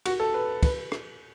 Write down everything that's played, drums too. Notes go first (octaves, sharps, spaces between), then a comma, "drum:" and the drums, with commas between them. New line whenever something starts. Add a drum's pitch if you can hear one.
F#4, drum: cymbal
A4
B4
B4, drum: kick, cymbal
drum: rim click